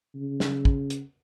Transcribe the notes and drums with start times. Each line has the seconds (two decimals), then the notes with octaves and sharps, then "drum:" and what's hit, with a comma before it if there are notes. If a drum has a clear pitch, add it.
0.15 C#3
0.40 drum: snare
0.65 drum: kick
0.90 drum: hi-hat